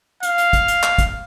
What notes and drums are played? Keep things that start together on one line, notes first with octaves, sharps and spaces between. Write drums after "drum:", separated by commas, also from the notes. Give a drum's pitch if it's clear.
F5, drum: hi-hat
drum: hi-hat
drum: kick, hi-hat
drum: hi-hat
drum: clap
drum: kick, hi-hat